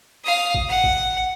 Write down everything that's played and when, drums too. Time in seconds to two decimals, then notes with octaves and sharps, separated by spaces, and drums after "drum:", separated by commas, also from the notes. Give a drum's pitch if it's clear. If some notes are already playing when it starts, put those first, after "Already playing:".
0.25 F5 D#6
0.54 drum: kick G#1
0.69 F#5
0.84 drum: kick G#1